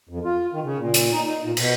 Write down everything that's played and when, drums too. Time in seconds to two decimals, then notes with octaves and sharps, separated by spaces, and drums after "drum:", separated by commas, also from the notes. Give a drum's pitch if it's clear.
0.09 F2
0.25 F4
0.53 D#3
0.64 C#3
0.78 A#2
0.94 drum: hi-hat
1.13 D#4
1.27 D#4
1.44 A#2
1.57 B2, drum: cymbal